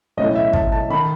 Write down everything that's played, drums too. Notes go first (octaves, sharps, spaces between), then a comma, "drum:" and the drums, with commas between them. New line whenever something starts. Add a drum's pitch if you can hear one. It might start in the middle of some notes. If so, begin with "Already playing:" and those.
B1 A2 E3 A3 C#4 D#5
E5
A5, drum: kick
A5
D#3 B5